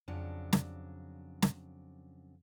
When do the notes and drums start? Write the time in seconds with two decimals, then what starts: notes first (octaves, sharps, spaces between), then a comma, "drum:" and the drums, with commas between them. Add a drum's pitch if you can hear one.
0.08 F2 C#3 F#3 D4
0.53 drum: snare
1.42 drum: snare